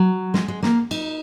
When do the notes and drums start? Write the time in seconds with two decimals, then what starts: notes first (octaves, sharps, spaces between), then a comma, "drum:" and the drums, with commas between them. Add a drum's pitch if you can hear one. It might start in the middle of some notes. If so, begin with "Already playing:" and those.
Already playing: F#3
0.34 G#3, drum: snare
0.48 G#3
0.63 A#3, drum: snare
0.91 D#4, drum: cymbal